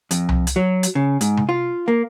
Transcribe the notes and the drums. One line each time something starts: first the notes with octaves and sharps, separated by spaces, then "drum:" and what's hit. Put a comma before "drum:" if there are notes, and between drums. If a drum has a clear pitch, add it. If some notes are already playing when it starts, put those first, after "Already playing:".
F2, drum: hi-hat
drum: tom C2
drum: hi-hat
F#3
drum: hi-hat
C#3
G#2, drum: hi-hat
drum: tom C3
F4
A#3